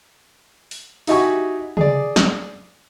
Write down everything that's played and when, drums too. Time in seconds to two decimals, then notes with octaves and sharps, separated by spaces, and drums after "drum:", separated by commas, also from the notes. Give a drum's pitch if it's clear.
0.71 drum: open hi-hat
1.07 D#4 E4 F#4 G4 G#5 C#6, drum: open hi-hat
1.77 G#4 D5, drum: tom
2.16 drum: snare